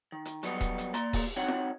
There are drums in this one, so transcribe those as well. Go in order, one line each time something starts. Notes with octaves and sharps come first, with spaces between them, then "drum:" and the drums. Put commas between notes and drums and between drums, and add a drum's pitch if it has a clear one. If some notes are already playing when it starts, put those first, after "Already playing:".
D#3
drum: hi-hat
F#3 G3 B3 D#5, drum: hi-hat
drum: kick D#1, hi-hat
drum: hi-hat
A#3 D5 C6, drum: hi-hat
drum: kick D#1, open hi-hat
C4 D#4 F#4 C#5 D#5 F#5
drum: snare F4